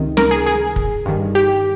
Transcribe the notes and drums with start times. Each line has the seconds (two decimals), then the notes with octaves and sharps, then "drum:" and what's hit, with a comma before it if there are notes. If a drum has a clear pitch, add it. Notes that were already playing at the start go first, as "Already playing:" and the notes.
Already playing: C#2 C3 D#3
0.17 A#4, drum: snare
0.31 G#4
0.47 G#4
0.76 drum: kick
1.06 G2 D#3
1.35 G4